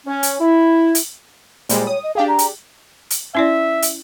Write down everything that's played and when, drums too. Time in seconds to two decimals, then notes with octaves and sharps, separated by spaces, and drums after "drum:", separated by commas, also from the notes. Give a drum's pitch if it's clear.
0.07 C#4
0.23 drum: hi-hat
0.40 E4
0.95 drum: hi-hat
1.69 A#2 G3 G#3 C5, drum: hi-hat
1.87 C#5 D#6
2.03 D#5
2.15 D4 G4 G#4 F5
2.27 A#5
2.39 drum: hi-hat
3.10 drum: hi-hat
3.35 C#4 E4 D5 E5
3.82 drum: hi-hat